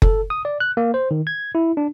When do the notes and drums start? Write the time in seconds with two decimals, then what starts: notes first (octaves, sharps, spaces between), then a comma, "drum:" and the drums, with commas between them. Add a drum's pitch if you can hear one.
0.02 A4, drum: kick F#1
0.30 D#6
0.45 D5
0.60 F#6
0.77 A#3
0.94 C5
1.11 D#3
1.27 G#6
1.55 E4
1.77 D4